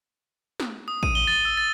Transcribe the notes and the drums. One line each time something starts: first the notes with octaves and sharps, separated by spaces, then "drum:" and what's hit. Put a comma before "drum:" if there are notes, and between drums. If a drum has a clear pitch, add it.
drum: snare
D#6
D#7, drum: kick A1
G7
A6
E6
A6